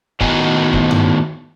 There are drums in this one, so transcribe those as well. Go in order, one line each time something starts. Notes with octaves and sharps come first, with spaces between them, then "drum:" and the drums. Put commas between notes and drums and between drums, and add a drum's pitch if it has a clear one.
A2 D#3 B3 F#4 G#5 A#5, drum: kick
drum: kick
drum: tom G2